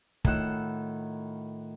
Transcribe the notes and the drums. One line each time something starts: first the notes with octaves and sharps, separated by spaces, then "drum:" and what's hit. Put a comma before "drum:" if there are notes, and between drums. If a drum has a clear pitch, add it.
A2 D#3 F4 F#5 E6, drum: kick